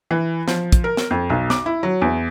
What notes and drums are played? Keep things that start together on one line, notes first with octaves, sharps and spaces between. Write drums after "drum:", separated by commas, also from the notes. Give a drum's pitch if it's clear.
E3
F3, drum: snare
drum: kick, hi-hat
A#4
drum: snare
F2
B1
D6, drum: snare
E4
F#3
E2